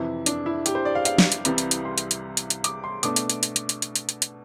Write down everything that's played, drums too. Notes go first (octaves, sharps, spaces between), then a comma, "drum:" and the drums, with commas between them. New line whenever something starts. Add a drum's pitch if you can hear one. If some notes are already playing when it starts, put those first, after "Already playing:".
Already playing: F2 C3 E3 E4
D4, drum: hi-hat
E4
G4, drum: hi-hat
C5
D5
F5
F5, drum: hi-hat
drum: snare
drum: hi-hat
C2 C3 E3 G3, drum: hi-hat
drum: hi-hat
drum: hi-hat
C6
drum: hi-hat
drum: hi-hat
drum: hi-hat
drum: hi-hat
D6, drum: hi-hat
C6
B2 A3 D4 D6, drum: hi-hat
drum: hi-hat
drum: hi-hat
drum: hi-hat
drum: hi-hat
drum: hi-hat
drum: hi-hat
drum: hi-hat
drum: hi-hat
drum: hi-hat